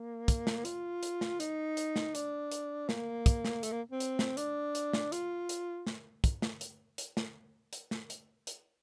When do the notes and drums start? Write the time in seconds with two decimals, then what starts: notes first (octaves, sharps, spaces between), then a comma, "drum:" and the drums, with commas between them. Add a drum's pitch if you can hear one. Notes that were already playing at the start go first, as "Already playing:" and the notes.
Already playing: A#3
0.28 drum: kick, hi-hat
0.47 drum: snare
0.65 F4, drum: hi-hat
1.03 drum: hi-hat
1.21 drum: snare
1.40 D#4, drum: hi-hat
1.77 drum: hi-hat
1.96 drum: snare
2.15 D4, drum: hi-hat
2.52 drum: hi-hat
2.89 A#3, drum: snare
3.26 drum: kick, hi-hat
3.45 drum: snare
3.63 A3, drum: hi-hat
3.72 A#3
3.91 C4
4.00 drum: hi-hat
4.19 drum: snare
4.37 D4, drum: hi-hat
4.75 drum: hi-hat
4.93 drum: snare
5.12 F4, drum: hi-hat
5.49 drum: hi-hat
5.87 drum: snare
6.24 drum: kick, hi-hat
6.42 drum: snare
6.61 drum: hi-hat
6.98 drum: hi-hat
7.17 drum: snare
7.73 drum: hi-hat
7.91 drum: snare
8.10 drum: hi-hat
8.47 drum: hi-hat